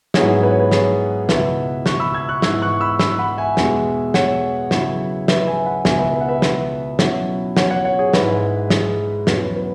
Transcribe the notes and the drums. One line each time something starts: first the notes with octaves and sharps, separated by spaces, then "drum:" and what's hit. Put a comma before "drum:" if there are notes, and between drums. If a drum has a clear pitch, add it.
G#2 F#3 B3 E4 G#4 C#5, drum: snare
B4
C#5
B4
G#4 C#5, drum: snare
C#2 B2 B3 E4 B4 E5, drum: snare
C#6 F#6, drum: snare
B5 E6
E6 G#6
C#6 F#6
G#2 E3 B3 E4 E6 G#6, drum: snare
C#6 F#6
B5 E6
B5 E6, drum: snare
F#5 B5
E5 G#5
E2 B2 G#3, drum: snare
C#5 F#5, drum: snare
C#3 F#3 B3 E4, drum: snare
B4 E5, drum: snare
E5 G#5
F#5 B5
C#2 B2 B3 E4 E5 G#5, drum: snare
B4 E5
B4 E5
F#5
B4 E5
drum: snare
B2 F#3 C#4 E4, drum: snare
C#5 F#5, drum: snare
C#5 F#5
C#5 F#5
G#4 C#5
G#2 G#3 E4 B4, drum: snare
G#4, drum: snare
E2 B2 F#3 C#4 E4 B4, drum: snare
B4